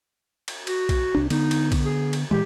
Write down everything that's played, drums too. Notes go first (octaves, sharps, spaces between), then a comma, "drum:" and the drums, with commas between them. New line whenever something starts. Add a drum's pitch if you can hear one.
drum: cymbal
F#4, drum: cymbal
drum: kick, cymbal
C2 D4
D3 B3 D#4, drum: cymbal
drum: cymbal
drum: kick, cymbal
G#4
drum: cymbal
A#2 E3 G#3 G4